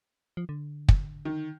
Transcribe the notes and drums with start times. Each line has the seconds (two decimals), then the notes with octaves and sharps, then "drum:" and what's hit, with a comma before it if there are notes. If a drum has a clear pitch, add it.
0.37 F3
0.49 D3
0.89 drum: kick
1.25 D#3